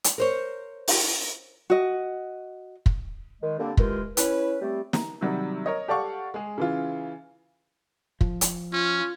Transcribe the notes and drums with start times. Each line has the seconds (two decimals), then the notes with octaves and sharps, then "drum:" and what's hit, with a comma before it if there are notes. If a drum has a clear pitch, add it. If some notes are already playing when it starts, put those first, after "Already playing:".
0.04 drum: hi-hat
0.18 A#4 C5 C#5
0.88 drum: open hi-hat
1.70 F#4 D#5
2.86 drum: kick
3.42 D#3 G#3
3.59 D3 G3 A#3 C4
3.77 D#3 E3 G#3 F4 G4 A#4, drum: kick
4.17 C#4 E4 B4, drum: hi-hat
4.61 G3 A3 C4
4.93 A#5, drum: snare
5.21 C3 D#3 F#3 G3
5.66 A#4 C#5 D#5
5.88 G4 A4 D5 F5 F#5 C#6
6.34 G#3 G#4
6.58 C#3 E3 F4
8.21 F3, drum: kick
8.41 drum: hi-hat
8.73 C#4 F4